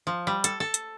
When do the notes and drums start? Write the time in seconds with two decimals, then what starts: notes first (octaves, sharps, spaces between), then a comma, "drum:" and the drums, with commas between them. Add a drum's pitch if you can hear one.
0.07 F3
0.27 G3
0.44 A4, drum: hi-hat
0.60 A4
0.74 drum: hi-hat